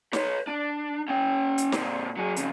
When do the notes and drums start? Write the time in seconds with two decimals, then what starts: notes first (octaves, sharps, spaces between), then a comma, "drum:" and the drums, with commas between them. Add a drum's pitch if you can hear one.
0.13 B4 C#5, drum: snare
0.47 D4
1.08 C#4 G5
1.58 drum: hi-hat
1.72 A#2 C4, drum: snare
2.17 F#3 G#4
2.36 F2 C#3, drum: hi-hat